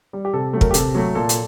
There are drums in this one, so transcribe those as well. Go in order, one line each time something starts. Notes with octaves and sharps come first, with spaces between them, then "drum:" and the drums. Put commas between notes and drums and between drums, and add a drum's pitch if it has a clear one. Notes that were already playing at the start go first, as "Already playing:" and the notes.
G3
G4
C3 A4
F#3 A3
A#4, drum: kick
G4
C3 A4, drum: hi-hat
F#3 A3
A#2 A4
drum: hi-hat